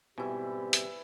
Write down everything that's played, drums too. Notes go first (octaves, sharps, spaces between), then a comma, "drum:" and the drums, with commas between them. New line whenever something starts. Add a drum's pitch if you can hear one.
G#2 B2 E3 G3 C4 E4 G4
drum: hi-hat